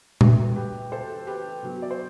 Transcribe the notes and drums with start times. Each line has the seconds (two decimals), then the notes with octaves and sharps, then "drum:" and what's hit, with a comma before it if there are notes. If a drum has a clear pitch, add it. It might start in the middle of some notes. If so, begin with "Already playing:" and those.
0.21 E2 B2 A3 G4 B4, drum: tom A#2
0.56 G4 B4
0.92 A4 C5
1.27 G4 B4
1.63 B2 F#3 B3
1.82 D5
1.91 C5